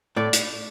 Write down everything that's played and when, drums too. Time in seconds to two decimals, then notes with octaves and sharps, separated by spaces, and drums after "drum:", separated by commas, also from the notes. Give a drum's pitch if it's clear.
0.16 A2 D5
0.33 drum: hi-hat